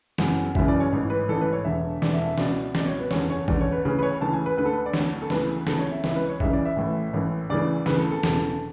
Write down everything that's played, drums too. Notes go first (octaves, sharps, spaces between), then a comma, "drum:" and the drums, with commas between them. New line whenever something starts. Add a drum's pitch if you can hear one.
F#1 F#2 C#3 E3 F#5, drum: snare
F#1 F#2 C#3 E3 E5, drum: kick
D5
C#5
A1 G#2 E3
B4
A1 G#2 E3 A4
B4
C#5
E1 E2 D3 E5
E1 E2 D3 D5, drum: snare
E5
E5
C#2 B2 D5, drum: snare
C#2 B2 D5, drum: snare
C#5
B4
F#1 E2 D3 C#5, drum: snare
C#5
F#1 E2 D3 D5, drum: kick
C#5
B4
D2 C#3 E3 B4
B4
C#5
D2 C#3 E3 A5
G#5
B4
D2 D3 B4
A4
B4
D5
D3 C#5, drum: snare
D2
A4
D2 C#3 E3 B4, drum: snare
D2 C#3 E3 A4, drum: snare
C#5
E5
C#2 C#3 E3 E5, drum: snare
B4
C#5
C#2 C#3 E3 E5, drum: kick
D5
E5
A1 A2 E3
A1 A2 E3
D2 C#3 E3 D5
D2 C#3 E3 B4, drum: snare
A4
A4
E1 E2 C#3 E3 A4, drum: snare